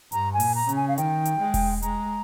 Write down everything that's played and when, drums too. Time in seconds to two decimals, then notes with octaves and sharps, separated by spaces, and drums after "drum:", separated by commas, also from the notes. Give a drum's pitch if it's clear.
0.12 G2 A#5, drum: hi-hat
0.34 G#5
0.40 A#2, drum: open hi-hat
0.55 A#5
0.69 C#3, drum: hi-hat
0.76 G#5
0.88 F5
0.98 D#3 G5, drum: hi-hat
1.25 drum: hi-hat
1.40 G#3
1.54 drum: kick E1, open hi-hat
1.82 G#3 A#5, drum: hi-hat